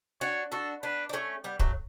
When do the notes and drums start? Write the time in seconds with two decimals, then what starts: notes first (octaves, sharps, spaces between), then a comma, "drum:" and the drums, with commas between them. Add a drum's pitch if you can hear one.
0.21 D4 F#4 C#5
0.52 D4 F#4 A4
0.83 B3 D4 B4
1.09 D4
1.13 A3 C#4 C#5
1.44 G3 B3 G4
1.60 F#3 A3, drum: kick